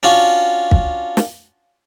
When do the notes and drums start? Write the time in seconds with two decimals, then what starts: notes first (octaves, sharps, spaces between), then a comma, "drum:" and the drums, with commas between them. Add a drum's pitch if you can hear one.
0.03 C#4 D4 F4 F#4
0.71 drum: kick
1.17 drum: snare